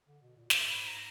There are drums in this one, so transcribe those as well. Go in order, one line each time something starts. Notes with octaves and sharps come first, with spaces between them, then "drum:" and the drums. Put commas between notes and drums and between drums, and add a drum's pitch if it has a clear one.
D3
B2
A#2
G#2, drum: snare
B5
A#5